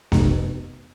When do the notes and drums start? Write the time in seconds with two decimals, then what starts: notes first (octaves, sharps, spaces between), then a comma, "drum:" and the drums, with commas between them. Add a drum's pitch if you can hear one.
0.12 F1, drum: snare B3